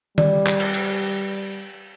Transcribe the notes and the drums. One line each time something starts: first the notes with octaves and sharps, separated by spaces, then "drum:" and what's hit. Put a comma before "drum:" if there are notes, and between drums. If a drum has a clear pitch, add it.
G3 D5, drum: tom D#3
drum: clap
drum: cymbal
drum: cymbal